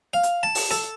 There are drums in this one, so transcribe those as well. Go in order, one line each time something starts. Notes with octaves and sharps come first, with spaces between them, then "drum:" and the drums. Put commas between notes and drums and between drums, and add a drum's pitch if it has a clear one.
F5
drum: hi-hat
A5
drum: open hi-hat
A4, drum: hi-hat